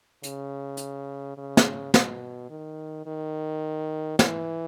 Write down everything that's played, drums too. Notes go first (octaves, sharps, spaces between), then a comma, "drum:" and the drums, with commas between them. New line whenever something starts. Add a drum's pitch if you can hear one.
C#3, drum: hi-hat
drum: hi-hat
C#3
drum: snare
B2, drum: snare
D#3
D#3
E3, drum: snare